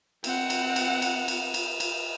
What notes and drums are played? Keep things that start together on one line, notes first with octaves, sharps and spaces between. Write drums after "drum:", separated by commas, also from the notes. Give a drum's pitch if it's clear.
C4 F#5, drum: cymbal
drum: cymbal
drum: cymbal
drum: cymbal
drum: cymbal
drum: cymbal
drum: cymbal